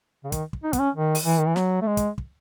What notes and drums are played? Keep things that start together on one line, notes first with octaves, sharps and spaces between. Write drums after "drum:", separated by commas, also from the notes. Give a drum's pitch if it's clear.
C#3
D#3, drum: kick, hi-hat
drum: kick
D#4
B3, drum: kick, hi-hat
C#4
D#3
drum: open hi-hat
E3
D#3
E3
F#3, drum: snare
A3
G#3
drum: kick, hi-hat
drum: kick